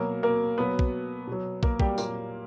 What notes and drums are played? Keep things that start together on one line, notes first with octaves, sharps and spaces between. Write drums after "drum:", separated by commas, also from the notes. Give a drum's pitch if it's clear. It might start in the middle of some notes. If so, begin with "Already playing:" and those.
Already playing: B2 F#3 A#3 A#4
A#3 A#4
B2 F#3 B3 B4
drum: kick
B2 F#3
A#3 A#4, drum: kick
G3 G4, drum: kick
A#2 F#3 A#3 A#4, drum: tambourine